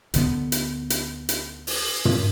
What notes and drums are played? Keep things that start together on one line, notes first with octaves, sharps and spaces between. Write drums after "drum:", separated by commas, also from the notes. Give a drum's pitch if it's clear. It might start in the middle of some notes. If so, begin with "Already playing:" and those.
D2 D3 B3, drum: hi-hat
drum: hi-hat
drum: hi-hat
drum: hi-hat
drum: open hi-hat
drum: tom